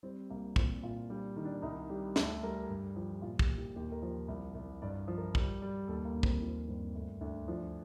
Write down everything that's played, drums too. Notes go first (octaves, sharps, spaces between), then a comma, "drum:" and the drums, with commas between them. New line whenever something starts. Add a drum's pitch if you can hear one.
G3 C4
C2 A#3
A#2 C4, drum: kick
A#2 F4
G3 D4
D#3
D4
C2 D#4
G3 G4
D2 A4, drum: snare
G3 A#4
G2
F3 G4
A#2 F4
G4, drum: kick
A#2
G4
D#2 G4
A#4
F3 C5
C2
C2
G2 D5
F3
A#4
G3, drum: kick
G3
D#2 A4
A#3
D#2
C4, drum: kick
F3
G2 C4
D2
D2 D4
F3 D4